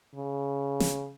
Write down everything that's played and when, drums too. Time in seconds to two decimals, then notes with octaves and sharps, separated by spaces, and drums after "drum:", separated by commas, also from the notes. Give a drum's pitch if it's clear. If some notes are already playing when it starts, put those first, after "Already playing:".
0.15 C#3
0.80 drum: snare